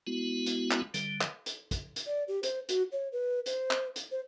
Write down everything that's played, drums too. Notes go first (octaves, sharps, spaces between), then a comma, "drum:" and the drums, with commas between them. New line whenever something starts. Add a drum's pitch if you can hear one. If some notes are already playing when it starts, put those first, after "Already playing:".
G#3 B3 E4 F#4
drum: hi-hat
drum: clap
D3 G3, drum: hi-hat
drum: clap
drum: hi-hat
drum: kick, hi-hat
drum: hi-hat
D5
G4
C5, drum: hi-hat
F#4, drum: hi-hat
C#5
B4
C5, drum: hi-hat
drum: clap
drum: hi-hat
C5